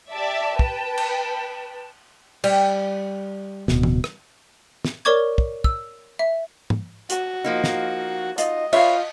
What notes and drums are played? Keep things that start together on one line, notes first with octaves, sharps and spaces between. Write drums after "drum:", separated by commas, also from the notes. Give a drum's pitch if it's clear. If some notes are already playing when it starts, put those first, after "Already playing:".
G4 D5 E5 A5
B4 G5, drum: kick
drum: cymbal
G3, drum: cymbal
D1 B2, drum: snare
drum: tom
drum: rim click
drum: snare
A#4 C#5 D5 C#6 D6 G#6
drum: kick
E6, drum: kick
E5
drum: tom G#2
F#4, drum: hi-hat
F3 A#3 D#4
drum: snare
D#4 F4 D#5, drum: hi-hat
F4 B4 C#5 E5 F5, drum: cymbal